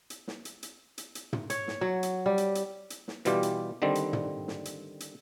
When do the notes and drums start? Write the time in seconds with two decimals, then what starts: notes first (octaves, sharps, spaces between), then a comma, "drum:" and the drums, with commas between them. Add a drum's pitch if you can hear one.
0.10 drum: hi-hat
0.28 drum: snare
0.45 drum: hi-hat
0.63 drum: hi-hat
0.98 drum: hi-hat
1.15 drum: hi-hat
1.33 drum: tom
1.50 C#5, drum: hi-hat
1.68 drum: snare
1.81 F#3
2.03 drum: hi-hat
2.26 G3
2.38 drum: hi-hat
2.55 drum: hi-hat
2.90 drum: hi-hat
3.08 drum: snare
3.25 B2 E3 G3 F4 G4, drum: hi-hat
3.43 drum: hi-hat
3.82 D3 D#3 G3 C4
3.95 drum: hi-hat
4.13 drum: tom
4.48 drum: snare
4.65 drum: hi-hat
5.00 drum: hi-hat